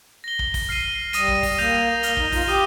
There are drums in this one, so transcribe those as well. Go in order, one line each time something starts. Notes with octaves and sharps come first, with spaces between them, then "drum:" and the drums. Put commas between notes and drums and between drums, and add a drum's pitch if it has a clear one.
A#6 G7
drum: kick
drum: kick, open hi-hat
F6 C7 D#7 G7
G3 D#6 A#6 D#7, drum: hi-hat
drum: kick
drum: kick, open hi-hat
A#3 D#6 G6 A#6 F7
A#3 F6 A#6 G7, drum: hi-hat
D#4, drum: kick
F4, drum: kick, open hi-hat
G4 D#6 G6 D#7 G7